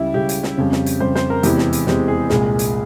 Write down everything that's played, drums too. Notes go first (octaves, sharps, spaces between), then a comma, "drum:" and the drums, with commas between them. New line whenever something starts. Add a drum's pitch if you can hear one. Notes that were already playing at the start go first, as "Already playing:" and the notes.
Already playing: C#2 C#3 G3 E4
C#2 C#3 G3 G4
drum: hi-hat
drum: snare
F2 C#3 G3
drum: snare
drum: hi-hat
F2 C#3 G3 C5
C5, drum: snare
A#4
E2 C3 E3 G#3 G4, drum: hi-hat
drum: snare
drum: hi-hat
E2 C3 E3 G#3 G4, drum: snare
G#4
C2 A#2 G#3 G#4, drum: snare
drum: hi-hat